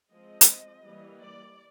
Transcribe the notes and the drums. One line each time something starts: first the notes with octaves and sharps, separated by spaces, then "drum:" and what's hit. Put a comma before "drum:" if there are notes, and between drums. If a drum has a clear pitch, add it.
F3 G#3 C4 D#5
drum: hi-hat
E3 G3 A#3
D5